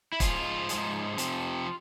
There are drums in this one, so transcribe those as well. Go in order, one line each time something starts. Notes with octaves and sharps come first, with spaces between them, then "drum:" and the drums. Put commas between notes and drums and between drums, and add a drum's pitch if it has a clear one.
E4
G#2 F3 G#3 F4, drum: kick, hi-hat
G#2 F3 G#3, drum: hi-hat
F2 C3 F3, drum: hi-hat